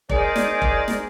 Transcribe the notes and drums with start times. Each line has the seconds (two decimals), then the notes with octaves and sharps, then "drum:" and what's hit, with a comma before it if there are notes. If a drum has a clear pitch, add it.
0.10 D#4 G#4 A#4 C5 D5, drum: kick F1
0.36 drum: snare
0.62 drum: kick F1
0.88 drum: snare